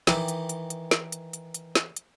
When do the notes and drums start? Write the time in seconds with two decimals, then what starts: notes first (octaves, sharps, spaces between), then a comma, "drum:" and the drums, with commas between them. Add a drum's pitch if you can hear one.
0.07 D#3 E3 D#5 G5 B5 D6, drum: snare
0.28 drum: hi-hat
0.49 drum: hi-hat
0.70 drum: hi-hat
0.91 drum: snare
1.12 drum: hi-hat
1.33 drum: hi-hat
1.54 drum: hi-hat
1.75 drum: snare
1.96 drum: hi-hat